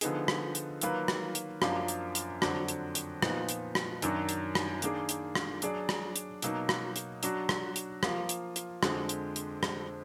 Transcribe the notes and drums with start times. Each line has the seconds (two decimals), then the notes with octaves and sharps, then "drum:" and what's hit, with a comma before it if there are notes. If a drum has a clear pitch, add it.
0.01 D3 F3 B3 D#4 G#4, drum: hi-hat
0.28 drum: rim click
0.55 drum: hi-hat
0.81 D#3 F#3 A#3 F4 B4, drum: hi-hat
1.08 drum: rim click
1.35 drum: hi-hat
1.62 F#2 F3 A#3 D4 F4, drum: rim click
1.88 drum: hi-hat
2.15 drum: hi-hat
2.42 F2 D3 F#3 D4 F#4, drum: rim click
2.68 drum: hi-hat
2.95 drum: hi-hat
3.22 A#2 F3 B3 D#4, drum: rim click
3.49 drum: hi-hat
3.75 drum: rim click
4.02 F#2 D#3 F#3 D4 F#4, drum: hi-hat
4.29 drum: hi-hat
4.55 drum: rim click
4.82 D#3 A#3 D4 G#4, drum: hi-hat
5.09 drum: hi-hat
5.35 drum: rim click
5.62 F#3 D4 G#4 D5, drum: hi-hat
5.89 drum: rim click
6.16 drum: hi-hat
6.42 B2 F#3 A#3 D#4, drum: hi-hat
6.69 drum: rim click
6.96 drum: hi-hat
7.23 F#3 D4 F#4, drum: hi-hat
7.49 drum: rim click
7.76 drum: hi-hat
8.03 F3 A#3 F4, drum: rim click
8.29 drum: hi-hat
8.56 drum: hi-hat
8.83 F2 D3 G#3 D4, drum: rim click
9.09 drum: hi-hat
9.36 drum: hi-hat
9.63 drum: rim click